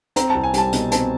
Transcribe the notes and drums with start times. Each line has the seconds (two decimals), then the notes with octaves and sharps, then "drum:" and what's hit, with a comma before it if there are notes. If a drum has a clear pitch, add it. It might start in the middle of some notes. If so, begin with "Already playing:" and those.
0.16 C4 A#5, drum: hi-hat
0.30 C2 A5
0.43 G#5
0.54 G3 A5, drum: hi-hat
0.73 B2, drum: hi-hat
0.92 C4 A5, drum: hi-hat